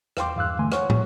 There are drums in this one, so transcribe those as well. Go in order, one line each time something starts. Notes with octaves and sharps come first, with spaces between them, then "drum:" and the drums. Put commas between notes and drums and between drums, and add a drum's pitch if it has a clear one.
E2 F5 G5 C6 D6, drum: rim click
E2 G2 F5 E6 F#6
D3 E3 A3 G#5 C6
C#5 F#5 C#6, drum: rim click
drum: tom